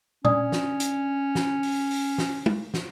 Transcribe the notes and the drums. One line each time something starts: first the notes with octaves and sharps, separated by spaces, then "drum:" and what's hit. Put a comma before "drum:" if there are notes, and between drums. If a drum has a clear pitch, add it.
C#4 D4 D5 D#6, drum: tom
drum: snare
drum: hi-hat
drum: snare
drum: open hi-hat
drum: open hi-hat
drum: snare
drum: tom G#3
drum: snare